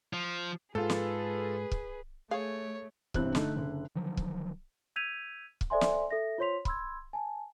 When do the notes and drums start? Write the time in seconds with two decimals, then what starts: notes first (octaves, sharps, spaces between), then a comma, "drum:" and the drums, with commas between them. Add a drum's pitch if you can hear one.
0.13 F3
0.75 G#2 F4 G#4 A4 B4
0.90 drum: snare
1.71 drum: kick
2.31 A3 G#4 C#5 F5
3.14 E1 G2 C3 C4 E4 F#6, drum: kick
3.35 D3 A3 D#4, drum: snare
3.56 F#1 D3
3.95 D3 D#3 F3 F#3
4.17 drum: kick
4.96 E6 G6 G#6 B6 D#7 F7
5.61 drum: kick
5.70 A4 C5 D5 E5 G#5 C6
5.81 drum: snare
6.11 A4 E5 A#6
6.38 F4 C5 C#5 C6 B6 F7
6.65 B5 C6 E6 G#6, drum: kick
7.13 G#5 A5